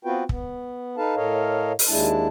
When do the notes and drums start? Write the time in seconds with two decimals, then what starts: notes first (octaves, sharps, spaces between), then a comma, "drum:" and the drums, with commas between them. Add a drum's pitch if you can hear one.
0.05 B3 C4 F4 F#4 B4 G5
0.29 B3, drum: kick
0.97 D#4 A4 B4 F5 A5
1.16 A2 A4 A#4 C#5 D#5 F5
1.79 drum: open hi-hat
1.88 D#2 G#3 D4 E4 A5